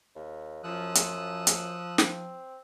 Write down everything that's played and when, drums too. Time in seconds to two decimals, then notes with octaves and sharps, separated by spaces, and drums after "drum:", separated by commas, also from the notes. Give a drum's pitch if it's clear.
0.15 D#2
0.63 F#2 F3 D#6 E6 F#6
0.95 drum: hi-hat
1.14 F3
1.47 drum: hi-hat
1.98 C4, drum: snare